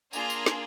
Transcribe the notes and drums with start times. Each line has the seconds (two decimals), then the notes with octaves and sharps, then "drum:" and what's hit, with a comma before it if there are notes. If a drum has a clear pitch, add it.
0.13 A#3 D4 F4 G#4 G#5 A#5, drum: tambourine
0.30 drum: tambourine
0.46 drum: snare